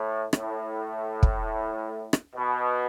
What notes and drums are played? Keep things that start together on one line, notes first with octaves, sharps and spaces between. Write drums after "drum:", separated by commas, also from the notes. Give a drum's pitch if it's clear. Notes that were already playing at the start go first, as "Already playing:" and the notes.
Already playing: A2
A2, drum: rim click
drum: kick
drum: rim click
B2